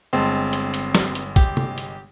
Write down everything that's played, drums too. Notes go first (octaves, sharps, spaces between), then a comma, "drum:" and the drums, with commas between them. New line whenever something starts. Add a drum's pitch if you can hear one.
G1 G#3 C4 A5
drum: hi-hat
drum: hi-hat
drum: snare
drum: hi-hat
G4, drum: kick, hi-hat
drum: tom C3
drum: hi-hat